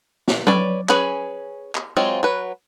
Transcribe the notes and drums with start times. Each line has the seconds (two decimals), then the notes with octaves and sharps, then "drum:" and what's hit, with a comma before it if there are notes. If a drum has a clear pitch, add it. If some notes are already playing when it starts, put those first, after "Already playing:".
0.28 drum: snare
0.47 B4 C#5 D5, drum: tom F#3
0.89 C#4 G#4 B4, drum: clap
1.75 drum: clap
1.97 F#3 G#3 C4 F4
2.23 F#3 B4